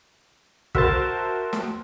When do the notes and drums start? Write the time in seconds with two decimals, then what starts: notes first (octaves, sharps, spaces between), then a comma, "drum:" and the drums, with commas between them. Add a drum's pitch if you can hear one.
0.75 F#4 A#4 C5 E5 A5, drum: kick
1.53 drum: snare